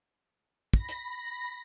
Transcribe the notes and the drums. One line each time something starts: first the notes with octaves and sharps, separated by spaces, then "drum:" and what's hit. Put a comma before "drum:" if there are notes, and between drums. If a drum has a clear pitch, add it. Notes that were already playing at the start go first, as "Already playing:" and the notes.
B5 A#6, drum: kick
drum: hi-hat